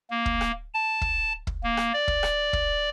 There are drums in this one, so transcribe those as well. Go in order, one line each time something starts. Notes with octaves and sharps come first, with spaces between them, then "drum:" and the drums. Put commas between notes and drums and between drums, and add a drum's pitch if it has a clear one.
A#3
drum: kick
drum: rim click
A5
drum: kick
drum: kick
A#3
drum: rim click
D5
drum: kick
drum: rim click
drum: kick